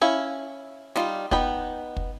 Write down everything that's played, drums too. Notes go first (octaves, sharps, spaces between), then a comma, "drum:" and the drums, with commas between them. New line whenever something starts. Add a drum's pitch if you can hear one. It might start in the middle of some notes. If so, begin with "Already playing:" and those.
C#4 E4 F5
G3 D#4 F4, drum: snare
B3 D#4 G5 B5, drum: kick
drum: kick